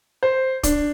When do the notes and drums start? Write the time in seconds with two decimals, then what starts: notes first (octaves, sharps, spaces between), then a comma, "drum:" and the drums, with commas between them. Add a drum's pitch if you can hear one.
0.23 C5
0.63 D4, drum: kick, hi-hat